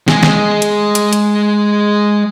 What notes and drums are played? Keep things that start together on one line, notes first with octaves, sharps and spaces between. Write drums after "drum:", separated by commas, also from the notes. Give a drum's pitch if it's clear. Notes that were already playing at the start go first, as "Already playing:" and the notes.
G#3 G#4, drum: snare
drum: snare
drum: hi-hat
drum: hi-hat
drum: hi-hat